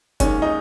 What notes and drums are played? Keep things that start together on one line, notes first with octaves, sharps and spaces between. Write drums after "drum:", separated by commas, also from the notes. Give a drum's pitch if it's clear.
D#2 D#3 G#3 C#4, drum: kick F#1, hi-hat
D#4